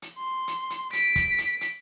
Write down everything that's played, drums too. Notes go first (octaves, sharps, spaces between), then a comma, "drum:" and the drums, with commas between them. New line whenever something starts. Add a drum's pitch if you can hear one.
drum: hi-hat
C6
drum: hi-hat
drum: hi-hat
B6 D7, drum: hi-hat
drum: kick, hi-hat
drum: hi-hat
drum: hi-hat